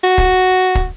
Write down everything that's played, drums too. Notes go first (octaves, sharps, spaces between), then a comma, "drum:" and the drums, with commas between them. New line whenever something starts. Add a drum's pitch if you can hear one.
F#4
drum: kick
drum: kick